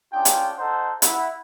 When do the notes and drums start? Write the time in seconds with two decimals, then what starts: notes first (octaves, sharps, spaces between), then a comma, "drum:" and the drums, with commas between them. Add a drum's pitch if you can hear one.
0.13 C#4 D4 F4 G#4 G5
0.25 drum: hi-hat
0.58 D#4 A4 C5 F#5
1.02 E4 F#5, drum: hi-hat